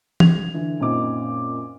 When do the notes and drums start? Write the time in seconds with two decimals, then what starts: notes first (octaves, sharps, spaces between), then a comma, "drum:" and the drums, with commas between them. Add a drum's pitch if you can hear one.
0.20 G#6 F7, drum: tom E3
0.54 D3 E3
0.80 F#2 A#2 C4 D#4 D6